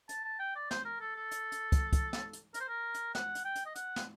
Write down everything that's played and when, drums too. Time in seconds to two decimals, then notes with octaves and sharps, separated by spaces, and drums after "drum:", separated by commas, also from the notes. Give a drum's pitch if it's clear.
0.09 A5, drum: hi-hat
0.25 A5
0.39 G5
0.56 D5
0.71 C5, drum: snare
0.85 A#4
1.00 A4
1.16 A4
1.31 drum: hi-hat
1.52 drum: hi-hat
1.72 drum: kick, hi-hat
1.93 drum: kick, hi-hat
2.13 drum: snare
2.33 drum: hi-hat
2.54 A#4, drum: hi-hat
2.61 C5
2.68 A#4
2.94 drum: hi-hat
3.15 F#5, drum: snare
3.35 drum: hi-hat
3.45 G5
3.56 drum: hi-hat
3.66 D#5
3.76 F#5, drum: hi-hat
3.96 drum: snare